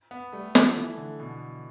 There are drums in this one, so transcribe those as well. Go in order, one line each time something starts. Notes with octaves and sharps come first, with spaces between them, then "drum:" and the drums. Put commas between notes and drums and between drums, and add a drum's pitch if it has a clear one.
B3
G3 A3
F3, drum: snare
E3 A3
D3
B2